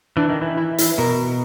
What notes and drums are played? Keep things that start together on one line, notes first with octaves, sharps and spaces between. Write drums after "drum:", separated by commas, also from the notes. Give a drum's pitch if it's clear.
E3 D4
D#3
E3
E4
E4, drum: hi-hat
B2 A#4